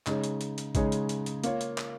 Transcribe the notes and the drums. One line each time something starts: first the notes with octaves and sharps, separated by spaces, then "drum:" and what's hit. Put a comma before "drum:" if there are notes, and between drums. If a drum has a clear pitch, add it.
C#3 G#3 D#4 G#4 C#5, drum: clap
drum: hi-hat
drum: hi-hat
drum: hi-hat
C#3 G#3 D#4 G#4 C#5, drum: kick A1, hi-hat
drum: hi-hat
drum: hi-hat
drum: hi-hat
A#3 F4 C#5, drum: hi-hat
drum: hi-hat
drum: clap